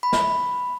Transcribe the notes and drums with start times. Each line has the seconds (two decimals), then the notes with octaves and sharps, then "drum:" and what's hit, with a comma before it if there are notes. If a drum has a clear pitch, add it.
0.03 B5
0.12 drum: snare